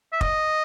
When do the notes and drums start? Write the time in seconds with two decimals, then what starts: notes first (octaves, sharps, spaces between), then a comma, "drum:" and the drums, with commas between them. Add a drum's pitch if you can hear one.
0.13 E5
0.21 D#5, drum: kick